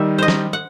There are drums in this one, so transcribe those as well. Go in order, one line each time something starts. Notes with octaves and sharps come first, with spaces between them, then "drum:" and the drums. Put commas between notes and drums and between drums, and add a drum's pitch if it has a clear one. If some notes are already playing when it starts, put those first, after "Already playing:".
Already playing: D#3 G3 D#4 E5
C5 D#5
drum: snare
F#5